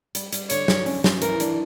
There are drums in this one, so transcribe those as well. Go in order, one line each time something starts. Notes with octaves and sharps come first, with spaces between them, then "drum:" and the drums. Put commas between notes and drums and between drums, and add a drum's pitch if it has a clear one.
G3, drum: hi-hat
G3, drum: hi-hat
D3 C#5, drum: hi-hat
D3, drum: snare
C#4, drum: open hi-hat
C#4, drum: snare
E3 A#4, drum: hi-hat
D4, drum: hi-hat